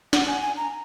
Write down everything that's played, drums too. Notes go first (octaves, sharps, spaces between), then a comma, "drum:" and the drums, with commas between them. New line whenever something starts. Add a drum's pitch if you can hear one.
F#5, drum: snare
G#5
G#5
A#5